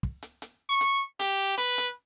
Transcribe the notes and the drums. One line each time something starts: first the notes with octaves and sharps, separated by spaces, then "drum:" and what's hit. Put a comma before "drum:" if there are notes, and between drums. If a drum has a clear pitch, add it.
drum: kick
drum: hi-hat
drum: hi-hat
C#6
drum: hi-hat
G4, drum: hi-hat
B4, drum: hi-hat
drum: hi-hat